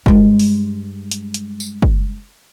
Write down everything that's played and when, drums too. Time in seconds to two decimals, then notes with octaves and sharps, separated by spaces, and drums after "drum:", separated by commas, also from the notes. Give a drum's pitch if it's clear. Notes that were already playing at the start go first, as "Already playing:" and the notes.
0.06 G2 G#3, drum: kick
0.39 drum: open hi-hat
1.11 drum: hi-hat
1.34 drum: hi-hat
1.60 drum: tambourine
1.82 drum: kick